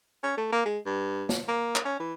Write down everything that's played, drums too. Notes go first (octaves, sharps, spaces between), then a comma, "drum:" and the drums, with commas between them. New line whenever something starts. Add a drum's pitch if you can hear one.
C#4
A3
A#3
G#3
G2
drum: snare
A#3
drum: clap
C#4
E3